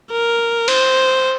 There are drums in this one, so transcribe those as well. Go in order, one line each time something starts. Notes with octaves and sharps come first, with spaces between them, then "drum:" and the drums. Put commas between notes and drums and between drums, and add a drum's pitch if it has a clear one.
A#4
C5, drum: cymbal